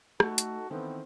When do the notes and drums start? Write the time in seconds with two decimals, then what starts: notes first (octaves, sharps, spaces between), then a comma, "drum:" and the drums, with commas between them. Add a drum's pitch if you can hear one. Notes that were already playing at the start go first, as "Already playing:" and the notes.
0.20 A3 D#4 F#4 A4, drum: rim click
0.38 drum: hi-hat
0.70 D#3 E3 B3 C4 A4